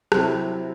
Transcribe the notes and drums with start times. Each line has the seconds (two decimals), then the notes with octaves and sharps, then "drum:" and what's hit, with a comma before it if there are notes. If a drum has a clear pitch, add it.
0.12 C3 F#3 C4 E4, drum: rim click